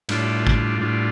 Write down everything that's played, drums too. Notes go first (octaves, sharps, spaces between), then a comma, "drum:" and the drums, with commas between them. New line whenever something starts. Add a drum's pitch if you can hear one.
A2 G3 D4 F4, drum: cymbal
drum: kick
A2 G3 D4 F4